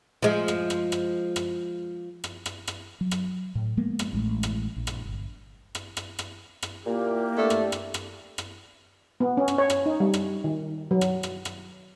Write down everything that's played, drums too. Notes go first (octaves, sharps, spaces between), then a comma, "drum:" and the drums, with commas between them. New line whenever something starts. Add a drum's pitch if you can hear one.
F3 G#3
drum: rim click
drum: rim click
drum: rim click
drum: rim click
drum: rim click
drum: rim click
drum: rim click
F#3
drum: rim click
A2
F3 G#3 A#3 B3
drum: rim click
A1 A2 G#3 A3
drum: rim click
A#1
drum: rim click
G1
drum: rim click
drum: rim click
drum: rim click
drum: rim click
A#2 A#3 E4 G4
A3 D4
drum: rim click
drum: rim click
drum: rim click
drum: rim click
B3
C#4
drum: rim click
C#5
drum: rim click
D#4
G3
drum: rim click
D#3
F#3
drum: rim click
drum: rim click
drum: rim click